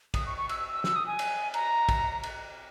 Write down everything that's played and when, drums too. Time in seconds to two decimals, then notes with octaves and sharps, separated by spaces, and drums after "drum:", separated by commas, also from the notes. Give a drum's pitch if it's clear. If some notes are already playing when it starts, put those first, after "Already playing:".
0.14 D#6, drum: kick, cymbal
0.26 C#6
0.38 C#6
0.49 E6, drum: cymbal
0.60 E6
0.72 E6
0.84 E6, drum: snare
0.96 D#6
1.07 G#5
1.19 drum: cymbal
1.54 A#5, drum: cymbal
1.89 drum: kick, cymbal
2.23 drum: cymbal